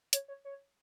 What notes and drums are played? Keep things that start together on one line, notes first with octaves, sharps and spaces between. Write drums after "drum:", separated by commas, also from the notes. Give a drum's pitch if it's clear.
C#5, drum: hi-hat
C#5
C#5